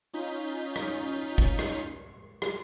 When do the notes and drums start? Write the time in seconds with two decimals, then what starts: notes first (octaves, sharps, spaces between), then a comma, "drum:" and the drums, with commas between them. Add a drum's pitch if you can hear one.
0.13 C#4 D#4 F4 G6 B6
0.76 drum: rim click
1.38 drum: kick
1.59 drum: rim click
2.42 drum: rim click